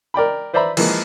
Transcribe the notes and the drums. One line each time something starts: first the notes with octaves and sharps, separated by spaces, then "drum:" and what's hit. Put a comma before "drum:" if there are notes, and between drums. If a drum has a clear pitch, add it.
A#4 D5 G5 B5
B4 C5 D5 E5 A#5 B5
E3 F3 G#3 A#3, drum: cymbal